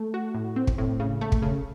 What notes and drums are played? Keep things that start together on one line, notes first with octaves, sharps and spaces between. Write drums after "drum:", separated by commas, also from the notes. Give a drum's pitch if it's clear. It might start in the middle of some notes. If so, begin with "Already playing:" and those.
Already playing: A3
F#4
A2
C4
drum: kick
A2
C#3
A3
drum: kick
C#3